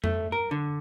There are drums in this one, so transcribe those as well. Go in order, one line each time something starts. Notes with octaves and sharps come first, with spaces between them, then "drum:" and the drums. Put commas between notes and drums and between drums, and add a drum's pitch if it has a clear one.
A3, drum: tom F2
A#4
D3